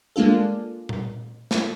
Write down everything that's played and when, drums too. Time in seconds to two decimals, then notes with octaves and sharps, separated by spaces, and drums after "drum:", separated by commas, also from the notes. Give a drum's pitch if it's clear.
0.16 G#3 A#3 D4 F4 A4
0.89 drum: tom A#2
1.51 drum: snare